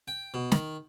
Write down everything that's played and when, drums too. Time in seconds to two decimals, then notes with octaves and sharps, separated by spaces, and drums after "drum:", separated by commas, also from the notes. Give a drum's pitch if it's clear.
0.08 G5
0.34 B2
0.52 D#3, drum: snare